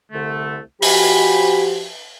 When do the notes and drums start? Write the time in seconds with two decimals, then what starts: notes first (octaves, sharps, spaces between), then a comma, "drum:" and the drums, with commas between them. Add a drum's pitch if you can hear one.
0.12 C2 D3 A3
0.82 F3 F#4 G4 G#5 B5, drum: open hi-hat